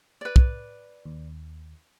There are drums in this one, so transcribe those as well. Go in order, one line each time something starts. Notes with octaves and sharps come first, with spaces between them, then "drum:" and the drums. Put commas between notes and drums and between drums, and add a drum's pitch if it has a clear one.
B4 D5
drum: kick
D#2